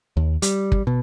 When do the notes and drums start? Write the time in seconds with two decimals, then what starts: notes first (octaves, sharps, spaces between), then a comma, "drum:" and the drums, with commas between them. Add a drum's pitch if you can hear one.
0.17 D#2
0.42 G3, drum: hi-hat
0.72 drum: kick
0.87 B2